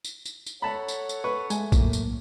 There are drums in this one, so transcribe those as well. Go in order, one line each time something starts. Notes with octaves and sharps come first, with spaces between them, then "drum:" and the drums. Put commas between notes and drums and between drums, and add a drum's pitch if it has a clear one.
drum: tambourine
drum: tambourine
drum: tambourine
A4 C#5 F#5 A5 B5
drum: tambourine
drum: tambourine
B4 C#6
G#3 A3 G#5, drum: tambourine
F#2 A2 A#3, drum: kick A1, tambourine
drum: tambourine